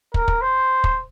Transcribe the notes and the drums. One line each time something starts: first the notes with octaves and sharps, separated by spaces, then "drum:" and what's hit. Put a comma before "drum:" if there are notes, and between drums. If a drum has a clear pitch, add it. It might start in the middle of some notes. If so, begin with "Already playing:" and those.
A#4, drum: kick
drum: kick
C5
drum: kick